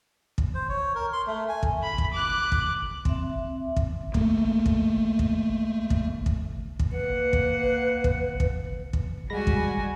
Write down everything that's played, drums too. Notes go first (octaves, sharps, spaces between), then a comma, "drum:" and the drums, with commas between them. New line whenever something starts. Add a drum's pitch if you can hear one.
drum: kick
C5
C#5
A#4
C6
A3
G#5
drum: kick
B5
drum: kick
D6 F#6
drum: kick
C4 E5, drum: kick
drum: kick
A3 A#3, drum: kick
drum: kick
drum: kick
drum: kick
drum: kick
drum: kick
A#3 B4 F#5
drum: kick
drum: kick
drum: kick
drum: kick
G3 G#3 F#4 G#5 B5 A#6
drum: kick